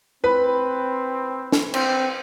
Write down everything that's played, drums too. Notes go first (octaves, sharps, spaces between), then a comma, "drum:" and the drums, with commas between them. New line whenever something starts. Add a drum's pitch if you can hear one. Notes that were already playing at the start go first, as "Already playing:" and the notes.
C4 B4 B5
drum: snare
C4, drum: cymbal